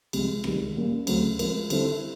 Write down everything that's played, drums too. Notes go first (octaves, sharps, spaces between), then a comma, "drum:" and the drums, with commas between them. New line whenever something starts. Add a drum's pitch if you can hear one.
C2 C3 F3 G#3, drum: cymbal
C#2 C3 D#3 G3, drum: rim click
A#2 G3 A#3 C#4
D2 C#3 F#3 A3 C4, drum: cymbal
F3 G#3 C4 F4 A#4, drum: cymbal
D3 G3 C4 E4 A4, drum: cymbal